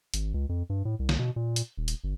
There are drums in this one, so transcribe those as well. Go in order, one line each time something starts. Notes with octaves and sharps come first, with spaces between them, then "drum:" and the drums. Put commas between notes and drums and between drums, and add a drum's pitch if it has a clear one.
G#1, drum: hi-hat
C#2
F2
G2
A2
C2
drum: snare
B2
A#2
drum: hi-hat
D#1
drum: hi-hat
G1